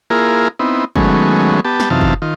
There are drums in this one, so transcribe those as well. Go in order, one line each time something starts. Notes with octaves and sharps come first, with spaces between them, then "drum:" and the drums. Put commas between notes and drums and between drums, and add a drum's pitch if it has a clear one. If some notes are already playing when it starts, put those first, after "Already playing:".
A#3 E4 F4 G#4 A#4
B3 C4 D#4 E4
D#3 F#3 G#3 A3 B3 C#4, drum: kick
B3 G4 A5
drum: snare
F#2 C3 E3 D#4 F5 A5
drum: kick
D#3 F4